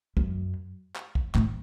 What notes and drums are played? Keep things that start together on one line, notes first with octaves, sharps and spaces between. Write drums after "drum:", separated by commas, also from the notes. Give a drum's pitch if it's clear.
F#2, drum: kick
drum: clap
drum: kick
A2, drum: clap